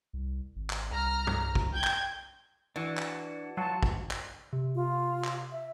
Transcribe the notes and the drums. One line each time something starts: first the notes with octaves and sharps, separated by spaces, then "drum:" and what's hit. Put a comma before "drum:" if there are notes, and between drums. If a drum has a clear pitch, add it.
C2
G#1
drum: clap
C2 A#5 F6
drum: tom
drum: kick
G5 G6 G#6
drum: clap
E3 D4 F#4
drum: clap
F#3 F4 F#4 A5
drum: kick
drum: clap
C3
F4
drum: clap
E5